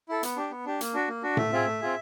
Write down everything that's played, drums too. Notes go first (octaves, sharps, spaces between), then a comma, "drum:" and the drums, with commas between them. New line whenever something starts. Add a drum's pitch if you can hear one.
E4 A4
B3, drum: hi-hat
D4 G4
B3
D4 G4
A#3, drum: hi-hat
D4 F#4
A#3
D4 F#4
A3 E5, drum: tom A2
C4 F4 G#4
A3
C4 F4 G#4